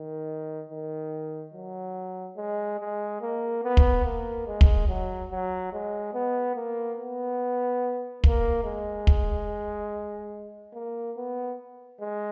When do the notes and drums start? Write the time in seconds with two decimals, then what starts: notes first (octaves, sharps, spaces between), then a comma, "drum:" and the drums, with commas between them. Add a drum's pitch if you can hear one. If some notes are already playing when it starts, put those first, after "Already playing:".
Already playing: D#3
0.70 D#3
1.54 F#3
2.37 G#3
2.80 G#3
3.21 A#3
3.63 B3
3.77 drum: kick
4.05 A#3
4.47 G#3
4.61 drum: kick
4.88 F#3
5.31 F#3
5.73 G#3
6.14 B3
6.56 A#3
6.98 B3
8.24 A#3, drum: kick
8.65 G#3
9.07 drum: kick
10.74 A#3
11.17 B3
12.01 G#3